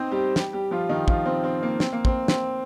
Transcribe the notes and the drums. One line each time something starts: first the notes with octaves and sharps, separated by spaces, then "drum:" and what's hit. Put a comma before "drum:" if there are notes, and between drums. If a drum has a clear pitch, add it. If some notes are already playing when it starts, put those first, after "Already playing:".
Already playing: C4 D#4 C5 D#5
G3 G4
G3 G4, drum: snare
G3 G4
F3 F4
D#3 D#4
F3 F4, drum: kick
C4
C4
A#3
C4, drum: snare
A#3
C4, drum: kick
C4, drum: snare